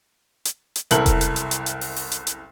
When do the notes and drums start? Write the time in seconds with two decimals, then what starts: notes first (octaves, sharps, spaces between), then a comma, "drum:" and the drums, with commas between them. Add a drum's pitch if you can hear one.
0.45 drum: hi-hat
0.76 drum: hi-hat
0.91 F#1 C2 E4 A4 A#4 F#7, drum: hi-hat
1.06 drum: kick E1, hi-hat
1.21 drum: hi-hat
1.36 drum: hi-hat
1.51 drum: hi-hat
1.66 drum: hi-hat
1.81 drum: open hi-hat
1.96 drum: open hi-hat
2.12 drum: hi-hat
2.27 drum: hi-hat